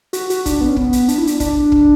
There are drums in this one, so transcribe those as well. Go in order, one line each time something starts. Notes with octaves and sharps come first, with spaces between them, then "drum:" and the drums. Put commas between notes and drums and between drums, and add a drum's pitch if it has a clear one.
F#4, drum: hi-hat
F#4, drum: hi-hat
D4, drum: kick, hi-hat
B3
C#4
B3, drum: kick
drum: hi-hat
D4, drum: hi-hat
E4
D4, drum: hi-hat
D4, drum: kick, hi-hat
drum: kick